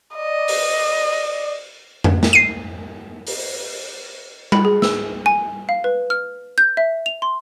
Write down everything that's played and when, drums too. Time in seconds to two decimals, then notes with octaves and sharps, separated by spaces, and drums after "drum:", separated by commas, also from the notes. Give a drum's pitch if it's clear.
0.16 D5 D#5
0.48 drum: open hi-hat
2.04 drum: tom F2
2.23 drum: snare
2.33 C7 D#7
3.27 drum: open hi-hat
4.52 B5, drum: tom G3
4.65 G#4
4.82 E6, drum: snare
5.26 G#5
5.69 F5
5.84 B4
6.10 F6
6.58 G6
6.77 E5
7.06 F7
7.22 C6